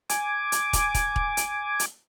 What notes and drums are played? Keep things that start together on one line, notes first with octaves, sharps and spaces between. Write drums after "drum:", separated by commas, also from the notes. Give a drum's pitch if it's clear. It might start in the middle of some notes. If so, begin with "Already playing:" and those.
G#5 D6, drum: hi-hat
drum: hi-hat
drum: kick, hi-hat
drum: kick, hi-hat
drum: kick
drum: hi-hat
drum: hi-hat